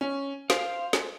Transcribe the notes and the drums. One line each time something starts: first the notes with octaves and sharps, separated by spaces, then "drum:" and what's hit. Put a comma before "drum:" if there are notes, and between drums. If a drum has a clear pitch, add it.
C#4
C5 F5, drum: snare
drum: snare